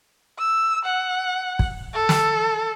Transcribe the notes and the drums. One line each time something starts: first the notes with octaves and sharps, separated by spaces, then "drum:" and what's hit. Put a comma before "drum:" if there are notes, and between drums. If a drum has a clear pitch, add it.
E6
F#5
drum: kick
A4
drum: snare